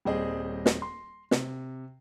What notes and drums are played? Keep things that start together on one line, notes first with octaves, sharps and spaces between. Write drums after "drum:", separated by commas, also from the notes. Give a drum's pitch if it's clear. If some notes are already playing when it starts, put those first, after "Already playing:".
D#1 G3 C4 G#4 D#5
drum: snare
C6
C3, drum: snare